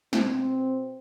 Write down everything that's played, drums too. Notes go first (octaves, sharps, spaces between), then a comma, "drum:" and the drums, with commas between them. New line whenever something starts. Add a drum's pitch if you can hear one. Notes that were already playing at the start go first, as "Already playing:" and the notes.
B2 C4, drum: snare